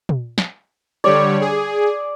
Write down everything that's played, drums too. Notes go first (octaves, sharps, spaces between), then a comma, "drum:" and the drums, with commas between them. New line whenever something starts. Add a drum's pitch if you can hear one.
drum: tom
drum: snare
D3 G3 C#5 D5
G#4